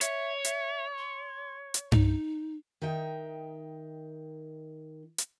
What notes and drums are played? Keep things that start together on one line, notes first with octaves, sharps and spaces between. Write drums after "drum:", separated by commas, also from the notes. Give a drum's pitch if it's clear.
C#5 E5, drum: hi-hat
E5, drum: hi-hat
C6
drum: hi-hat
D#4, drum: tom G2
D#3 D#4 E5 G5
drum: hi-hat